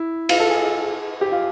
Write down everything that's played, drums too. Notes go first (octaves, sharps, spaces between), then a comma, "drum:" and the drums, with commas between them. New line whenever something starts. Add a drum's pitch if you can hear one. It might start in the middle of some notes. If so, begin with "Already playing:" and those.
Already playing: E4
F4, drum: cymbal
A4
G#4
G4
F4